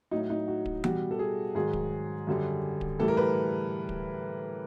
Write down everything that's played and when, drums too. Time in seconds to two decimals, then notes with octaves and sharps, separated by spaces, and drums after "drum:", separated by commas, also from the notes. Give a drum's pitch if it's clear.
0.11 A2 F#3 D#4
0.30 D#4
0.48 F#4
0.66 drum: kick D1
0.84 B2 G3 F#4, drum: tom E3
1.11 A4
1.19 G#4
1.55 G#2 D#3 F#3 G#4
1.73 drum: kick D1
2.27 F#2 D3 G3
2.81 drum: kick D1
2.99 A2 E3 G3 A4
3.08 A#4
3.17 B4
3.89 drum: kick D1